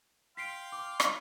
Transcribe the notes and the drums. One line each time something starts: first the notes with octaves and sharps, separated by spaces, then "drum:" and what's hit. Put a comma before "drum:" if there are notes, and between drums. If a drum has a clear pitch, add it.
F5 G5 C6 B6 C7 D7
D6
drum: rim click